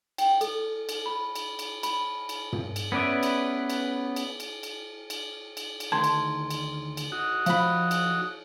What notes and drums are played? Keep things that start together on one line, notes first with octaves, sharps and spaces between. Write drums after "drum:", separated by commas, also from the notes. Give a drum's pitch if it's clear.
G5, drum: cymbal
A4, drum: cymbal
drum: cymbal
B5
drum: cymbal
drum: cymbal
B5, drum: cymbal
drum: cymbal
drum: tom
drum: cymbal
B3 C#4 B4 D5 E5
drum: cymbal
drum: cymbal
drum: cymbal
drum: cymbal
drum: cymbal
drum: cymbal
drum: cymbal
drum: cymbal
D2 D#3 A5 C6 G#6
drum: cymbal
drum: cymbal
drum: cymbal
D#4 F#4
F3 F5 B5, drum: cymbal
drum: cymbal